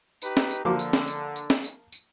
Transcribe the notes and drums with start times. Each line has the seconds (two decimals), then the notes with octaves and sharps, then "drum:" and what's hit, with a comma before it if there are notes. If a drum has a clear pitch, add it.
0.22 D#4 G4 B4, drum: tambourine
0.37 drum: snare
0.51 drum: tambourine
0.65 D3 F3 A#3 D6
0.79 drum: tambourine
0.93 drum: snare
1.08 drum: tambourine
1.36 drum: tambourine
1.50 drum: snare
1.64 drum: tambourine
1.92 drum: tambourine